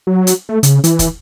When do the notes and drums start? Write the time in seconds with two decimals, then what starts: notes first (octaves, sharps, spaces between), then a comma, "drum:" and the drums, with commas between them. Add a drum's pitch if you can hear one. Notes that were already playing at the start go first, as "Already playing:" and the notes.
0.07 F#3
0.27 drum: hi-hat
0.49 A3
0.63 C#3, drum: hi-hat
0.84 E3, drum: hi-hat
0.99 drum: kick, hi-hat